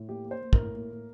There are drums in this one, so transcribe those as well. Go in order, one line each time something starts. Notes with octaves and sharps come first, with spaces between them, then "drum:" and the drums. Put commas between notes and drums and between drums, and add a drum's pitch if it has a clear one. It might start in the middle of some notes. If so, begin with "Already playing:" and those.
Already playing: A2
A#3 G4
A#3
C5
A#3
A#4, drum: kick
A2
A#3
A2